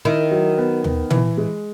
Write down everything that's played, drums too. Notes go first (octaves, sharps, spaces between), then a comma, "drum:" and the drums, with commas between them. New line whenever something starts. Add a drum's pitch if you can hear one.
D#3 E4
F#3
B3
B3, drum: tom D#2
E3, drum: tom A#2
G#3